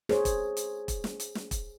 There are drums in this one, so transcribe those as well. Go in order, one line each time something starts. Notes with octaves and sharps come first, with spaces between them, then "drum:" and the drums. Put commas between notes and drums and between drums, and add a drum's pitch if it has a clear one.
G#4 C5 C#5, drum: snare
drum: kick E1, hi-hat
drum: hi-hat
drum: kick E1, hi-hat
drum: snare
drum: hi-hat
drum: snare
drum: kick E1, hi-hat